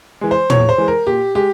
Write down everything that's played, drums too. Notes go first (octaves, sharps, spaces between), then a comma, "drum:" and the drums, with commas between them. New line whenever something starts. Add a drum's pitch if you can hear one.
E3 G#3
C5
E2 C#5, drum: tom
C5
E3 G#3
A#4
A#2 G4
G#3 G4